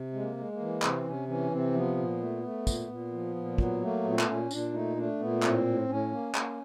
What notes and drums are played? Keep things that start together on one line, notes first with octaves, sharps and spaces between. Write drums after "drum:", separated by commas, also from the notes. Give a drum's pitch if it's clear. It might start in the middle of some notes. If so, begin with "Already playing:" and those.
Already playing: C3
G#3
A#3
G#3
A#3
E3
C3 C4, drum: clap
C3 C#4
E3 C#4
C3 C4
F3 B3
A#2
A3
A3
A#2, drum: kick, tambourine
A#2
F3
A#2
F#3 B3, drum: kick
A3 A#3
A#2 B3
C4
B3, drum: clap
A#2 C#4
A#2 D4, drum: tambourine
A3 D#4
A3 D4
A#2 B3
A2 C4, drum: clap
A2
A2 C#4
A#3
A#3, drum: clap